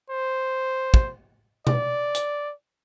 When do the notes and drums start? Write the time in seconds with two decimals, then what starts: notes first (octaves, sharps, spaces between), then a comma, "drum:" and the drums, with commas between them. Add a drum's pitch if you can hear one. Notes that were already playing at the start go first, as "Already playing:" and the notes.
0.10 C5
0.94 drum: kick
1.67 D5, drum: tom B2
2.15 drum: hi-hat